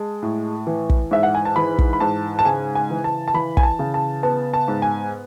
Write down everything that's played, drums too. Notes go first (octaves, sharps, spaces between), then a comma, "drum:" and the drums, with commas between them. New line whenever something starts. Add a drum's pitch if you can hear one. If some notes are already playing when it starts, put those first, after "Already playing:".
Already playing: G#3 A5
A2
E3
drum: kick
G#2 E5
F#5
G#5
A5
E3 B5
drum: kick
B5
G#2 A5
A5
C#3 G#5
G#5
E3
A5
A5
E3 B5
G#5, drum: kick
A5
C#3
A5
B3 A5
A5
G#2
G#5